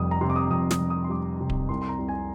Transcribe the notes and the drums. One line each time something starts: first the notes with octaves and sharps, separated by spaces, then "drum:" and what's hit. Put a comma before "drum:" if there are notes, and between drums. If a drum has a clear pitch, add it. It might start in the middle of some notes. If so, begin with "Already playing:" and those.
Already playing: F1 F2 G3 D#6
A#5
C3 C6
D6
D#6
F2 D#6
D#6, drum: snare
F1
D#6
C6
G3 D6
C3
drum: kick D1
C2 C6
C6
A#5
C2
G#5